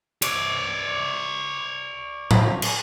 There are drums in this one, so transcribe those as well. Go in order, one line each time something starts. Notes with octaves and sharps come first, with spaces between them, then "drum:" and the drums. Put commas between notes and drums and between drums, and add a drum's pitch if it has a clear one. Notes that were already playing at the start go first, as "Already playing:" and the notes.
C#5 D5, drum: cymbal
drum: tom A2
drum: cymbal